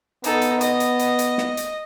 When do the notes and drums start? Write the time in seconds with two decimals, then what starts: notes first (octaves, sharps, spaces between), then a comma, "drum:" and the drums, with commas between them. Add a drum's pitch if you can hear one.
0.24 B3 D#4 A4, drum: hi-hat
0.42 drum: hi-hat
0.61 D#5, drum: hi-hat
0.80 drum: hi-hat
0.99 drum: hi-hat
1.19 drum: hi-hat
1.38 drum: snare
1.57 drum: hi-hat